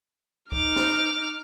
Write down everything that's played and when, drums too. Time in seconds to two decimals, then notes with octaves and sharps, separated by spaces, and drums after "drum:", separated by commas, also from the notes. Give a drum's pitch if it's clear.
0.52 D#4 D6 F6 F7, drum: kick
0.76 drum: snare